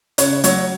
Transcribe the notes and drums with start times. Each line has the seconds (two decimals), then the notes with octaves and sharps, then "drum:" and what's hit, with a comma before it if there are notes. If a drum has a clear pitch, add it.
0.18 C#3 C#5, drum: hi-hat
0.44 F#3 C#5, drum: hi-hat